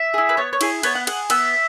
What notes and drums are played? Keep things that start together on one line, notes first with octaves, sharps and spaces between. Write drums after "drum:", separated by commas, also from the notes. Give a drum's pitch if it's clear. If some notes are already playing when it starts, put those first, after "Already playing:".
Already playing: E5
E4 G#4
B4
B3 C#5
C#5
E4 G#4, drum: cymbal
B3 C#5, drum: cymbal
F#5
G#4 F#5, drum: cymbal
B3 E5, drum: cymbal